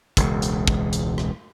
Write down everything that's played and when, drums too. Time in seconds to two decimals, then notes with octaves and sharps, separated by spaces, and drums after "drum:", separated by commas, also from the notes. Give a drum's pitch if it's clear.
0.17 E1 C#2, drum: kick, hi-hat
0.42 drum: hi-hat
0.67 drum: kick
0.93 drum: hi-hat
1.18 drum: rim click